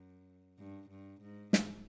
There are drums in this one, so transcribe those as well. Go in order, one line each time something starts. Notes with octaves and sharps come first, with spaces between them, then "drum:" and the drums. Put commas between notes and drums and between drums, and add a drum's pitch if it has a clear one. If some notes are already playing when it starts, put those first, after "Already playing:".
Already playing: F#2
G2
G2
G#2
drum: snare